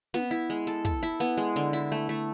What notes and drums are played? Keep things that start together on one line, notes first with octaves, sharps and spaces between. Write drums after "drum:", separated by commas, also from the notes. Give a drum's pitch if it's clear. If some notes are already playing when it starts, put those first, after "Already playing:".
B3, drum: snare
E4
G#3
A4
A4, drum: kick
E4
B3
G#3
D3
E4
A3
A3